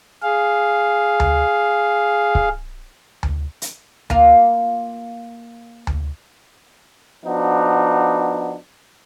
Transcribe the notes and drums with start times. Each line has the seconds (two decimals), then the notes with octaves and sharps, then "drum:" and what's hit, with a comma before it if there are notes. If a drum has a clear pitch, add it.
0.23 G#4 F5
1.20 drum: tom D2
2.35 drum: kick C#1
3.23 drum: tom D2
3.62 drum: hi-hat
4.10 A#3 F4, drum: tom D2
5.87 drum: tom D2
7.25 F3 B3 D4 D#4 F#4